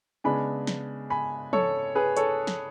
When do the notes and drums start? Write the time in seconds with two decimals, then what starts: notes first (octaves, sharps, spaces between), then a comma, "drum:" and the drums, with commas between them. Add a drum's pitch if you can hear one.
0.24 C#3 G#3 B3 D4 G#5 B5
0.67 drum: snare
1.10 G#5 B5
1.53 A4 C#5, drum: tom
1.95 G#4 B4
2.17 A4 C#5, drum: hi-hat
2.47 drum: snare